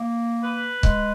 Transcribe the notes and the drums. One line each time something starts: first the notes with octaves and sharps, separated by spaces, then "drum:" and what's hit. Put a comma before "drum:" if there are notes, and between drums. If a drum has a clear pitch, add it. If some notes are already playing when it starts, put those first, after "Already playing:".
Already playing: A#3
B4
G#3, drum: kick